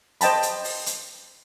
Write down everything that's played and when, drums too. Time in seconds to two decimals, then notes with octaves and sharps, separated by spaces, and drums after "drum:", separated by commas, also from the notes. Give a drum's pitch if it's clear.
0.21 C5 D#5 G5 A5 B5, drum: hi-hat
0.43 drum: hi-hat
0.64 drum: open hi-hat
0.86 drum: hi-hat